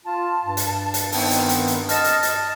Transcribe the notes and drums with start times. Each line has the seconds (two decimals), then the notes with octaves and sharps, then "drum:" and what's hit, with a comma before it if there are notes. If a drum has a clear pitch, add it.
0.05 F4 A5
0.44 G2
0.57 drum: hi-hat
0.94 drum: hi-hat
1.12 D#3 B3 C4, drum: open hi-hat
1.31 drum: hi-hat
1.49 drum: hi-hat
1.67 drum: hi-hat
1.89 D#5 A5 F6 A#6 E7, drum: hi-hat
2.04 drum: hi-hat
2.23 drum: hi-hat